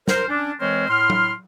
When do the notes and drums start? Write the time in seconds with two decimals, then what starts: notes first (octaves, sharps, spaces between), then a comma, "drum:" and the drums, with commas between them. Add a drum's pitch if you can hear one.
0.08 A#4 C5, drum: snare
0.29 C#4 D4
0.60 E3 G#3 C4 A#4 C5 C#5
0.89 A2 C6 F6
1.10 drum: tom F#3